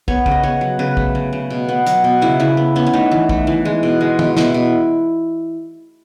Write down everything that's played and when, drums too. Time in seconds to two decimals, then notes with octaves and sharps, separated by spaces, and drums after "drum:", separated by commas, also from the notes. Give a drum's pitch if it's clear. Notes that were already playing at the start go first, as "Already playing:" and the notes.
0.08 B3 C#5, drum: kick
0.26 C#3, drum: kick
0.31 D#5
0.43 B3 C#5
0.61 F#3
0.79 C#3 B4
0.97 A3, drum: kick
1.15 C#3
1.33 C#3
1.50 B2
1.69 B3
1.87 F#3, drum: hi-hat
2.04 B2
2.22 C#3 E4
2.40 C#3 E4
2.57 B3
2.76 B3 C#4
2.86 C#4
2.93 A3 D#4
3.11 E3
3.29 A3, drum: kick
3.47 E3
3.65 G#3
3.83 B2
4.01 G#3
4.19 B2, drum: tom
4.37 B2 E4, drum: snare
4.54 B2